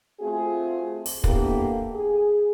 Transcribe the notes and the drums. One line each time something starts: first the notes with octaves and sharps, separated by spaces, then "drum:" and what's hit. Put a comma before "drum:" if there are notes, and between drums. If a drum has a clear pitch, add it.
A3 C4 F4 F#4 G#4
drum: open hi-hat
A#3 B3 D4 E4 G4 A4, drum: kick
G#4